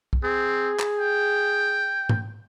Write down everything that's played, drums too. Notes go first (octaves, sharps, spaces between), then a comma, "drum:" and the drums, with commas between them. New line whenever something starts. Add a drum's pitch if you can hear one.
drum: kick
C4 G#4
drum: clap
G5
drum: tom